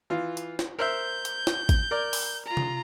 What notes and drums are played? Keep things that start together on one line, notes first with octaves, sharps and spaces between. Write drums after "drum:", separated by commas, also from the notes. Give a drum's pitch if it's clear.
E3 F4
drum: hi-hat
drum: snare
A#4 C5 E5 G6
drum: hi-hat
drum: snare
drum: kick, hi-hat
A#4 D5
drum: open hi-hat
F4 A#5
drum: tom C3